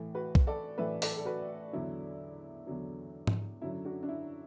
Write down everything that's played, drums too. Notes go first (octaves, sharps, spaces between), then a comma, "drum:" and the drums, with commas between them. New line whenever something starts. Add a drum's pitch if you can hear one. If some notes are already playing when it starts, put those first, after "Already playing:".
Already playing: A2 E3 A3
F#4 B4
drum: kick B1
A4 D5
A2 E3 A3 B4 E5
A4 D5, drum: open hi-hat
A4
F#4 B4
E2 D3 F#3 E4
E2 D3 F#3
drum: tom G#2
F#2 D3 F#3 E4
D4 F#4
D4
E4